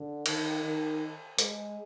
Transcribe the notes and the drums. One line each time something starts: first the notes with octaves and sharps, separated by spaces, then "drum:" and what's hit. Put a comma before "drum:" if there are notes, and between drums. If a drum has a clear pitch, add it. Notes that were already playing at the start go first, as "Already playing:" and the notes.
Already playing: D3
D#3, drum: cymbal
D#3
G#3, drum: hi-hat